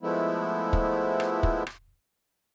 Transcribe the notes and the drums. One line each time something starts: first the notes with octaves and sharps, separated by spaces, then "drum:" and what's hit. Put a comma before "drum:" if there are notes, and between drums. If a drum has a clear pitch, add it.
F3 G#3 A3 B3 E4
drum: kick
drum: rim click
drum: kick
drum: rim click